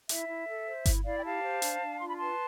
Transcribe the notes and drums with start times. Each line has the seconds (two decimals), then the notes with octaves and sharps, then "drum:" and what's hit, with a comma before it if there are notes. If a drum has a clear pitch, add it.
0.09 E4 E5, drum: hi-hat
0.28 E4
0.47 A4
0.66 C5
0.86 E4, drum: kick G1, hi-hat
1.04 E4 D5 F5
1.18 G5
1.24 G4 F5 A5
1.42 C5
1.62 D4, drum: hi-hat
1.81 D4
2.00 F4 C6
2.08 B5
2.16 B4 A5 C6